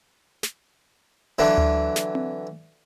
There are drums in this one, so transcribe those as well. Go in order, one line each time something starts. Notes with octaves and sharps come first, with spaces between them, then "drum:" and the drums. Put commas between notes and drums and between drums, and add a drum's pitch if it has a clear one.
drum: snare
D3 E3 F#3
drum: tom D2
drum: snare
drum: tom C4